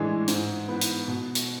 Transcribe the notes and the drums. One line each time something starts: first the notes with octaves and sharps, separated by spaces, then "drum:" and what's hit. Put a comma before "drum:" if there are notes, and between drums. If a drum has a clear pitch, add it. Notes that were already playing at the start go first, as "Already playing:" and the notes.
Already playing: A2 E3 G#3 D4 G#4
G#2, drum: hi-hat
E3 B3
drum: hi-hat
B2
drum: hi-hat